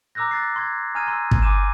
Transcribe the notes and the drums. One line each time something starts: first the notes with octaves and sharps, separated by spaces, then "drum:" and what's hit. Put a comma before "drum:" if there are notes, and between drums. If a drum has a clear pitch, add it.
A#5 D6 E6 F#6 G6 A#6
F#6 A6 C7
C6 G#6
G#5 A#5 D#6 F6 G#6 D#7
A#5 C6 E6
drum: kick
G#5 C6 D6 G6 D#7 E7